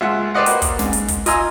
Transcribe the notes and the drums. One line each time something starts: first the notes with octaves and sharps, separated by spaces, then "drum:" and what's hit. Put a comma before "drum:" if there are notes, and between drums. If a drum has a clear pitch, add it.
C#2 F4 E5 F#5
G4 B4 C5 D5 D#5 F#5
A#3 F#4, drum: hi-hat
drum: kick, hi-hat
G#2, drum: snare
drum: hi-hat
drum: kick, hi-hat
F4 D#5 G#5 A#5 E6, drum: hi-hat